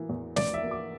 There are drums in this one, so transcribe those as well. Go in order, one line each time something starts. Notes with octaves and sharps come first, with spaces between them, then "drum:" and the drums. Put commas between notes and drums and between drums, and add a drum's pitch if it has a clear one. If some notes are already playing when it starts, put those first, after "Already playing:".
Already playing: E3 A#3
E2
F1 D5, drum: snare
E5
A#3
D6